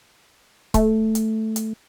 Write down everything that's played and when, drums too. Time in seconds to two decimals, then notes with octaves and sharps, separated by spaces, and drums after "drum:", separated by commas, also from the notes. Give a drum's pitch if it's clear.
0.74 A3, drum: kick C#1, hi-hat
1.15 drum: hi-hat
1.56 drum: hi-hat